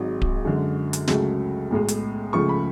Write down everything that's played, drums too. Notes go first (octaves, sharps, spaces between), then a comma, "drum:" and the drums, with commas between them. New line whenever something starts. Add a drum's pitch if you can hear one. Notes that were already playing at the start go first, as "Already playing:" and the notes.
Already playing: G#1 G#2 F#3
drum: kick D1
F#2 D3 G#3
drum: hi-hat
C#2 C#3 F#3 A3, drum: snare
B1 A2 G#3
drum: hi-hat
C#2 C#3 F3 A3 C#6
B5